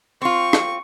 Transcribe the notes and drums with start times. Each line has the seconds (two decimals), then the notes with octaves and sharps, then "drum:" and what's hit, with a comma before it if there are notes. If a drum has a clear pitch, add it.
0.22 C4 F4 C#6
0.53 drum: rim click